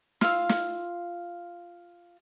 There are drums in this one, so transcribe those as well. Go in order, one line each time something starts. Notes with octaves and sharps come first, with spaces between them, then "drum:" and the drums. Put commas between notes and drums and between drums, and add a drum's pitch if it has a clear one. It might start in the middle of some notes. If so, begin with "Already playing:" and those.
F4 F5 E6, drum: snare
drum: snare